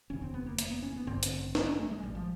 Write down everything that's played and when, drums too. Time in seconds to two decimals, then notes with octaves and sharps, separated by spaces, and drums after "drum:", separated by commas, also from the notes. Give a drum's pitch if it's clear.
0.10 F1 D#2 C#3 C#4
0.22 C4
0.34 B3
0.46 A#3
0.59 A#3, drum: hi-hat
0.70 B3
0.82 C#4
0.96 B3
1.06 A1 G2 D3 C4
1.23 drum: hi-hat
1.55 D4, drum: snare
1.67 C#4
1.79 A3
1.91 G#3
2.03 A1 A2 G3
2.15 F3